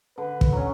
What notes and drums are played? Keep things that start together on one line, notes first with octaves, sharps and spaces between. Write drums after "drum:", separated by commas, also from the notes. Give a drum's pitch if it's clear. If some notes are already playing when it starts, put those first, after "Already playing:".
D3 B4
drum: kick
F#3 C#4